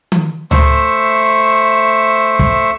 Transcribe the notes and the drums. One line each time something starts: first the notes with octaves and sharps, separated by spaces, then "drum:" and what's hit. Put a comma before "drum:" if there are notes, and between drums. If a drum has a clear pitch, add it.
drum: tom D#3
A3 C5 E5 C#6, drum: tom C#2
drum: kick